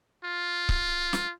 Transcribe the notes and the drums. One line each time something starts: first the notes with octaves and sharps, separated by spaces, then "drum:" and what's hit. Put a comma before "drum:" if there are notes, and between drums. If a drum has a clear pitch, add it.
F4
drum: kick C#1
drum: snare